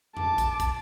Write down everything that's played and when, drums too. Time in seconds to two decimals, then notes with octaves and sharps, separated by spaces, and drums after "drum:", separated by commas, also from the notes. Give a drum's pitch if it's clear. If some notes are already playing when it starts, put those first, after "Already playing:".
0.17 A5 D6, drum: tom E2
0.38 drum: kick, hi-hat
0.60 drum: kick, hi-hat